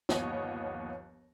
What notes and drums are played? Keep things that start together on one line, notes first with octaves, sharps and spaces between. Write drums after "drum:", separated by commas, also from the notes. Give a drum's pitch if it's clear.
G1 D#2 F3 B3 C#5 D#5, drum: snare